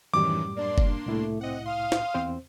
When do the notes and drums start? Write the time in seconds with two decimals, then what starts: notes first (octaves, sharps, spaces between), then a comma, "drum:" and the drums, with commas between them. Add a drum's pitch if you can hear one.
0.14 F#2 A2 D#3 E3 G3 C#4 D6
0.57 A#3 D4 D5 C6
0.78 drum: kick F#1
1.06 C2 A2 A3 E4
1.41 C4 D#5 F#5
1.66 F5 C6 D#6 F6
1.92 drum: snare
2.14 E2 C4 C5